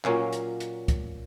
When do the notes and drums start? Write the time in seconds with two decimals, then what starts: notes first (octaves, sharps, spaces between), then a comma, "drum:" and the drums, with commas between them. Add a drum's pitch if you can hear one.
0.04 A#2 F#3 A#3 C#4 F5, drum: clap
0.33 drum: hi-hat
0.60 drum: hi-hat
0.88 drum: kick, hi-hat